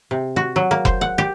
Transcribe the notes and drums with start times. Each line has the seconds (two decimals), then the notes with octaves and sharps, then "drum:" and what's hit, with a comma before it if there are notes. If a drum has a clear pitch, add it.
0.11 C3
0.36 F#4
0.56 F#3
0.71 A#3
0.85 C5, drum: kick F1
1.01 F#5
1.18 G4